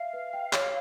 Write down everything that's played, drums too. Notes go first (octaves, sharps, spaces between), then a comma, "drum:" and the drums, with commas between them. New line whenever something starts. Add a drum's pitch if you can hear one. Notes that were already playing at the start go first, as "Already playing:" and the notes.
Already playing: E5 F5
B4
G5
C#5, drum: clap